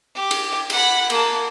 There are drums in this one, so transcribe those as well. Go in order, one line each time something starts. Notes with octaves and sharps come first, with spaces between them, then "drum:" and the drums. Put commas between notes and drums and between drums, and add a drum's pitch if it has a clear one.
G4
drum: cymbal
F#5 B5, drum: cymbal
A#3 A5, drum: cymbal